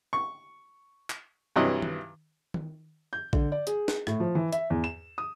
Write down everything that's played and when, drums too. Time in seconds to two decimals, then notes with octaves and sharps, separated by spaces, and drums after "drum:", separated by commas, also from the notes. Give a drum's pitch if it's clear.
0.13 C#6
1.10 drum: clap
1.56 G2 C3 E3 F#3 D#5
1.82 drum: tom D#3
2.54 drum: tom D#3
3.13 G6
3.33 D3, drum: kick A#1
3.52 D5
3.67 G#4, drum: hi-hat
3.88 drum: snare
4.07 A2, drum: rim click
4.20 F3
4.35 E3
4.52 E5, drum: hi-hat
4.70 E2
4.84 E7
5.18 D#6